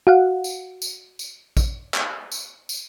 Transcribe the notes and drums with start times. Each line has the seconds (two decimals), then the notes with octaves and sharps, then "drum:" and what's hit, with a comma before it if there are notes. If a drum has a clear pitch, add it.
0.07 F#4 F5 F#5
0.44 drum: tambourine
0.82 drum: tambourine
1.19 drum: tambourine
1.57 drum: kick A1, tambourine
1.94 drum: clap
2.32 drum: tambourine
2.69 drum: tambourine